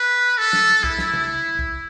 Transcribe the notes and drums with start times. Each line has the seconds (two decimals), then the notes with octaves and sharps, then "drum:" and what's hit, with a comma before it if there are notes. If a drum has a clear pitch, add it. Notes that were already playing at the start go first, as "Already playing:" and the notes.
Already playing: B4
0.38 A4
0.53 drum: snare
0.84 E4, drum: kick
0.98 drum: snare
1.14 drum: tom C3
1.59 drum: kick